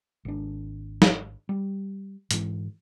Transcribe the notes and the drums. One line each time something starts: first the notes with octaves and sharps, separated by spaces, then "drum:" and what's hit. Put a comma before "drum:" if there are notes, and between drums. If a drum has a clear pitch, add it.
G#1 D4
drum: snare
G3
G#2 E3, drum: hi-hat